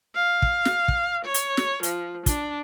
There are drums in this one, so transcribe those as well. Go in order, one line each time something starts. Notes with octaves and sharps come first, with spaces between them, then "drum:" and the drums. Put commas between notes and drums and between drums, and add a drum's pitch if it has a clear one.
F5
drum: kick
drum: snare
drum: kick
C#5
drum: hi-hat
drum: snare
F3, drum: hi-hat
D4, drum: kick, hi-hat